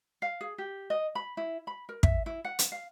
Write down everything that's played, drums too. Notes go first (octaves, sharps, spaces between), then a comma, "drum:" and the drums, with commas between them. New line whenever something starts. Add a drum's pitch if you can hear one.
F5
G#4
G4
D#5
B5
E4
B5
A#4
E5, drum: kick
E4
F#5
drum: hi-hat
F5